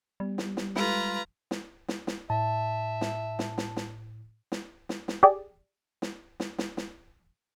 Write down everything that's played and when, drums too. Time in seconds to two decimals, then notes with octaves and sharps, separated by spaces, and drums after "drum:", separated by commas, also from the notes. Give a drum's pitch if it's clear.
0.20 G3 B3
0.38 drum: snare
0.57 drum: snare
0.76 G#3 F4 G4 A4 B4 A#5, drum: snare
1.51 drum: snare
1.88 drum: snare
2.07 drum: snare
2.30 A2 E5 A5
3.01 drum: snare
3.39 drum: snare
3.58 drum: snare
3.76 drum: snare
4.52 drum: snare
4.89 drum: snare
5.08 drum: snare
5.23 G4 G#4 D5
6.02 drum: snare
6.40 drum: snare
6.58 drum: snare
6.77 drum: snare